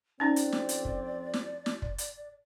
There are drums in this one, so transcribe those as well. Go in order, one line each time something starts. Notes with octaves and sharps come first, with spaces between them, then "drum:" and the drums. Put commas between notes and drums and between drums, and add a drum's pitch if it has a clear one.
F2 C4 C#4 D#4 D5
drum: hi-hat
drum: snare
drum: hi-hat
drum: kick
drum: snare
drum: snare
drum: kick
drum: hi-hat